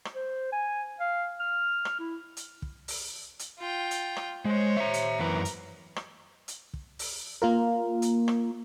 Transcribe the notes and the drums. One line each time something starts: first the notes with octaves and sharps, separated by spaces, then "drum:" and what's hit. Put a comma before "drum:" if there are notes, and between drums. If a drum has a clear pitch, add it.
drum: rim click
C5
G#5
F5
F6
drum: rim click
E4
drum: hi-hat
drum: kick
drum: open hi-hat
drum: hi-hat
F4 G5
drum: hi-hat
drum: rim click
G#3 C5 C#5
E5 A#5
drum: hi-hat
F#2 E3 A#4 B4
drum: hi-hat
drum: rim click
drum: hi-hat
drum: kick
drum: open hi-hat
A#3 F4 A#4
drum: hi-hat
drum: rim click